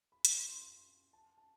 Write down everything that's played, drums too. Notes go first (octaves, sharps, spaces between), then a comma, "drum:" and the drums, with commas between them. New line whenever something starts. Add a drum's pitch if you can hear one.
B5
C6, drum: hi-hat
C6
C6
C6
A5
A5